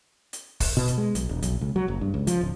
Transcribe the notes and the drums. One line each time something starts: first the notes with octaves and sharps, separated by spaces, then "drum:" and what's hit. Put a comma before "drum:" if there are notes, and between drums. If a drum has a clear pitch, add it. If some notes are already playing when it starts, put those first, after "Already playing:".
drum: hi-hat
drum: kick, open hi-hat
B2
drum: hi-hat
G#3
B1, drum: hi-hat
E1
B1, drum: hi-hat
C#2
F#3
F#1
G2
C#2
F3, drum: hi-hat
D1